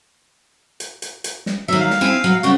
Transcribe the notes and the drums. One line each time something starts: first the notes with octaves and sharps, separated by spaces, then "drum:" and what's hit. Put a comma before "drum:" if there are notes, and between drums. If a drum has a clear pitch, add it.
drum: hi-hat
drum: hi-hat
drum: hi-hat
drum: snare
D#3 F#3 E5
F5
drum: snare
C4 E4 G#5
F#3
F2 C#3 G3 F#4